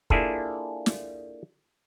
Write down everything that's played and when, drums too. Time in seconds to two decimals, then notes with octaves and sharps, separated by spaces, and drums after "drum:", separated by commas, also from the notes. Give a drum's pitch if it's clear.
0.10 A#3 D4 E4 F4 G#4 A4, drum: kick
0.86 drum: snare